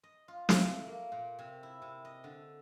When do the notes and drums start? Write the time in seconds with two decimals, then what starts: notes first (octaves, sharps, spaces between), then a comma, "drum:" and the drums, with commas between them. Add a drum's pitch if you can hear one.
0.03 D#5
0.28 F4
0.49 A3, drum: snare
0.87 A#3
1.12 A#2
1.39 C3
1.63 E4
1.82 C3
2.05 D#5
2.24 D3